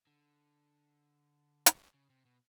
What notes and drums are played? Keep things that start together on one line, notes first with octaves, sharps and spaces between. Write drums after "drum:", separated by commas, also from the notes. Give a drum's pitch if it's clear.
D3
drum: hi-hat
C#3
C3
B2